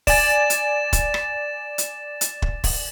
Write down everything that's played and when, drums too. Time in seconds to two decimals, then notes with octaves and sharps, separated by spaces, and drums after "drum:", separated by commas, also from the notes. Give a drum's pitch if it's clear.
0.07 D5 G#5 A6 E7, drum: kick, open hi-hat
0.50 drum: hi-hat
0.93 drum: kick, hi-hat
1.14 drum: rim click
1.78 drum: hi-hat
2.21 drum: hi-hat
2.42 drum: kick
2.64 drum: kick, open hi-hat